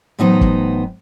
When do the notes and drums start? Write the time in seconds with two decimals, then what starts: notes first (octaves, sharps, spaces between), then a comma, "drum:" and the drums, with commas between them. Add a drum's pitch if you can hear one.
0.19 A2 E3 F#3 B3 D#4 C5
0.41 drum: kick